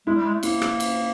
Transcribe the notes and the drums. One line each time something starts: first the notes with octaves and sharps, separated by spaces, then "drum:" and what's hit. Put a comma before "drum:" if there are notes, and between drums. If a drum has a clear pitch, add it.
G#3 E4
G3
G#3
A3
A#3 E4, drum: cymbal
drum: rim click
drum: cymbal